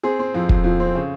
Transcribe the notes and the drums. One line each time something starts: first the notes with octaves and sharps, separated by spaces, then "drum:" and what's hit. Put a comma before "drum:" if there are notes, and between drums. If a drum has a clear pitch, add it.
C4 G#4
C4
F2
F2, drum: kick
F2
C4
C#3